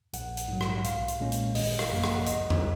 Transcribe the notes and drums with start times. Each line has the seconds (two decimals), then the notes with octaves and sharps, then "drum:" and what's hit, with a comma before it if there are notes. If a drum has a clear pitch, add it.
0.13 A#1 F#5, drum: hi-hat
0.37 drum: hi-hat
0.48 G#2 F#3
0.61 drum: rim click
0.84 B1 F5, drum: hi-hat
1.08 drum: hi-hat
1.20 A#2 G#3 C#4
1.32 drum: hi-hat
1.55 G#1 D#5, drum: open hi-hat
1.79 F5, drum: rim click
1.91 F#2 F3 A#3
2.04 F#5, drum: rim click
2.26 C#2 D#5, drum: hi-hat
2.50 drum: tom E2